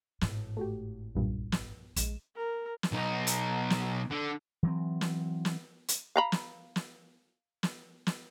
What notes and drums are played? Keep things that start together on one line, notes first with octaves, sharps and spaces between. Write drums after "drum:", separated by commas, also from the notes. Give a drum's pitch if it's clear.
G#1 A2, drum: snare
A3 F#4 G4
B1 G2 A#2
drum: snare
A#1 G#3 E7, drum: hi-hat
A#4
drum: snare
B1 D#4
drum: hi-hat
drum: snare
D3
E3 F#3 C4
drum: snare
drum: snare
drum: hi-hat
F5 A#5 B5
drum: snare
drum: snare
drum: snare
drum: snare